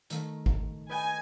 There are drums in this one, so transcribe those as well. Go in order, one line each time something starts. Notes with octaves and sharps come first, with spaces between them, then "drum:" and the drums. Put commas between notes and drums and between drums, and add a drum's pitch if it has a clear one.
D#3 A3, drum: hi-hat
drum: kick G#1
B4 D#5 G5 G#5